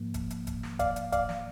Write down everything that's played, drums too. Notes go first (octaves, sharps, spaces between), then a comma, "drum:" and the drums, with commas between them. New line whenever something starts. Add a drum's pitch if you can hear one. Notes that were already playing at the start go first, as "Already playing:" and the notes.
Already playing: G#2 F3 A#3
drum: kick D#1, hi-hat
drum: hi-hat
drum: kick D#1, hi-hat
drum: snare
D5 F5, drum: kick D#1, hi-hat
drum: hi-hat
D5 F5, drum: kick D#1, hi-hat
drum: snare